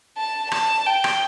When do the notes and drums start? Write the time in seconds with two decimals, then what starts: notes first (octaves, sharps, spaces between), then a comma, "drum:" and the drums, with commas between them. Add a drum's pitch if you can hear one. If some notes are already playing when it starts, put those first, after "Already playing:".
0.17 A5
0.51 A5, drum: rim click
0.87 G5
1.04 drum: rim click